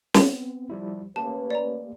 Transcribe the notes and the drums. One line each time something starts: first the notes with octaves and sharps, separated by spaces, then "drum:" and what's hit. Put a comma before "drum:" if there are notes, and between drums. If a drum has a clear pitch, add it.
B3 C4, drum: snare
F3 G3 E4
A3 A#3 C#4 G4 B4 A5
D5 A#5